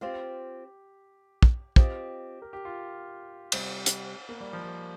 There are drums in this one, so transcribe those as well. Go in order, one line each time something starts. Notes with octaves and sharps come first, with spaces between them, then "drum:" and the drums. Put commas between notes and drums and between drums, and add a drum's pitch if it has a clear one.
C4 F4 G4 C5 F5
drum: kick
C4 F4 G4 D#5, drum: kick
A#4
G4
F4
C3 G3 C4, drum: cymbal
drum: hi-hat
A#3
G3
F3
G3